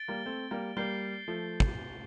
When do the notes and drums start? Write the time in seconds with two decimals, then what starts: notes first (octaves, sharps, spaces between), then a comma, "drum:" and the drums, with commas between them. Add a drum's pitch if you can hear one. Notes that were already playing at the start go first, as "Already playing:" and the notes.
Already playing: A6 D7 G7
0.08 G3 A#3
0.26 A3 C4
0.51 G3 A#3
0.77 G3 A#3 G6 C7 G7
1.28 F3 A3
1.60 drum: kick